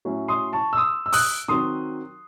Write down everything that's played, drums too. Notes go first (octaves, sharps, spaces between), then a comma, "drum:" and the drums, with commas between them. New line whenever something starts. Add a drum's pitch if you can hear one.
A2 F#3 C#4 E4
C6 D#6
A5 C#6
E6
C6 D#6
E6
D#6 F#6, drum: open hi-hat
D#3 F#3 C4 C6 D#6